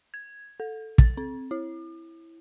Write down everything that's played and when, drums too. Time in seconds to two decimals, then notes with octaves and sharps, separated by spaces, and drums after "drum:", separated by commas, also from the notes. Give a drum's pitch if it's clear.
0.14 G#6
0.60 A4
0.98 A6, drum: kick
1.17 C4
1.51 E4